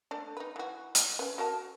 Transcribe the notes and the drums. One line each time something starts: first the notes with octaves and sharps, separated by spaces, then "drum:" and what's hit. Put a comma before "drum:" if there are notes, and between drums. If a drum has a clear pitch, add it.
A3 D4
D#4 B4
E3 F#4
drum: hi-hat
C#4 B4
F#4 A#4 A5